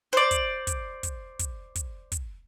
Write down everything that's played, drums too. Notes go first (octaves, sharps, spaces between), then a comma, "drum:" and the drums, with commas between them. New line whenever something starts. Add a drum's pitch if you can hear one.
C5 D5
drum: kick, hi-hat
drum: kick, hi-hat
drum: kick, hi-hat
drum: kick, hi-hat
drum: kick, hi-hat
drum: kick, hi-hat